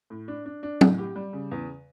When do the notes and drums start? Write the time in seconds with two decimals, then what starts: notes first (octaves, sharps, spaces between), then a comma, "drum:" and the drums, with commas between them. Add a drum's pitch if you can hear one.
0.10 A2
0.28 D4
0.46 D4
0.63 D4
0.81 A2, drum: tom
0.98 G4
1.16 G3
1.33 C#3
1.51 E2